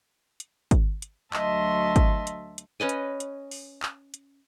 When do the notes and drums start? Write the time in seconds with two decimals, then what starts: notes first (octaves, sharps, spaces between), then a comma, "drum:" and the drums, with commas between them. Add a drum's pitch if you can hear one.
0.40 drum: hi-hat
0.71 drum: kick, hi-hat
1.02 drum: hi-hat
1.33 D2 F#3 D#5 E5 A5 C6, drum: clap
1.96 drum: kick, hi-hat
2.27 drum: hi-hat
2.58 drum: hi-hat
2.80 C#4 B4 D#5 G#5
2.89 drum: hi-hat
3.20 drum: hi-hat
3.51 drum: open hi-hat
3.83 drum: clap
4.14 drum: hi-hat